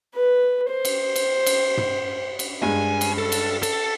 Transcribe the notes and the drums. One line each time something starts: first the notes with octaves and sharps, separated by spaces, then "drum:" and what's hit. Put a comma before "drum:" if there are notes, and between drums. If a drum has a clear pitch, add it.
B4
C5
drum: cymbal
drum: cymbal
drum: cymbal
drum: tom
drum: cymbal
G2 G#3 G#5
drum: cymbal
A4
drum: cymbal
A4, drum: cymbal